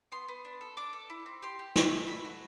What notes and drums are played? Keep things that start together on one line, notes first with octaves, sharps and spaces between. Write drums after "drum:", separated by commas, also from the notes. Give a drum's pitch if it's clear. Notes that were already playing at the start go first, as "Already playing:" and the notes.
B3 C6
B3
D4
A4
D4 D6
A4
E4
C4
G4 C6
G4
A3, drum: snare
E4
A3 B5
F#4